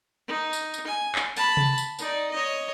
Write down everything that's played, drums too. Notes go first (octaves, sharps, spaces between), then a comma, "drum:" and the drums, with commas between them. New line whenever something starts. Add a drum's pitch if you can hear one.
D#4
drum: tambourine
drum: tambourine
G#5
drum: clap
A5 B5, drum: tambourine
drum: tom C3
drum: tambourine
D#4 D5, drum: tambourine
C#5 D#5